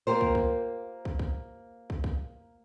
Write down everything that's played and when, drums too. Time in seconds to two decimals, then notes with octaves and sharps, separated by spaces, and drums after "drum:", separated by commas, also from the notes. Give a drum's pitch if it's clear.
0.07 A#3 F4 G4 A#4 C5
0.21 drum: kick
0.35 drum: kick
1.05 drum: kick
1.19 drum: kick
1.90 drum: kick
2.04 drum: kick